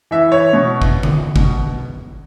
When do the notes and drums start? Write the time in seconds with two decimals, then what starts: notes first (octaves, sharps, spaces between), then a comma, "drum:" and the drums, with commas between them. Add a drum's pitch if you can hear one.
0.11 E3 E5
0.32 C#5
0.53 B2
0.82 drum: kick
1.03 drum: tom D3
1.36 B2, drum: kick